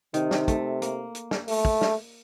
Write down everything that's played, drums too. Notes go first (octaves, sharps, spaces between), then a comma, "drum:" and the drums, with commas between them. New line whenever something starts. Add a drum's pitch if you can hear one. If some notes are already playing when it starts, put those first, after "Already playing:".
C3 D#3, drum: hi-hat
drum: snare
A3, drum: kick, hi-hat
A#3, drum: hi-hat
drum: hi-hat
drum: snare
A3, drum: open hi-hat
drum: kick
drum: snare